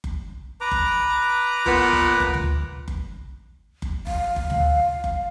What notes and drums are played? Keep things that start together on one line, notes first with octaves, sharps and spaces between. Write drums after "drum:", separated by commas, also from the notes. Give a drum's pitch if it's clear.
drum: kick F#1
B4 A#5 D6
drum: kick F#1
A#2 B3, drum: kick F#1
drum: kick F#1
drum: kick F#1
drum: tom D2
drum: kick F#1
drum: kick F#1
F5, drum: kick F#1
drum: kick F#1
drum: tom D2
drum: kick F#1